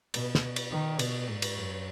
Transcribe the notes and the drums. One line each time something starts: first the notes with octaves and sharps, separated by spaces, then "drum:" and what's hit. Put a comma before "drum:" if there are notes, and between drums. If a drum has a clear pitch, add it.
B2, drum: cymbal
drum: snare
drum: cymbal
D#3
B2, drum: cymbal
G#2
drum: cymbal
F#2